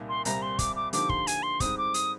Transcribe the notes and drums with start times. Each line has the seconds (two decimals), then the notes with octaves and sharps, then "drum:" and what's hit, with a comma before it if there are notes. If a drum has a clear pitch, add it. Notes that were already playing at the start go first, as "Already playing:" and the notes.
Already playing: C2 A#2 G3 A#3 D#4
0.09 C6
0.25 C2 A#2 G3 C4 A#5, drum: hi-hat
0.42 C6
0.59 D6, drum: kick, hi-hat
0.76 D6
0.93 D3 F3 A#3 D#4 G4 D6, drum: hi-hat
1.09 C6, drum: kick
1.27 G#5, drum: hi-hat
1.43 C6
1.60 G#2 G3 C4 D#6, drum: kick, hi-hat
1.78 D6
1.94 D#6, drum: hi-hat